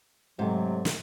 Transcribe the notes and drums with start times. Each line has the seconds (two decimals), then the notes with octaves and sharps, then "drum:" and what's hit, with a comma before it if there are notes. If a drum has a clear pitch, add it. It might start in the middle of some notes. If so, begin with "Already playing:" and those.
0.39 G#2 C3 F#3 A3
0.85 drum: snare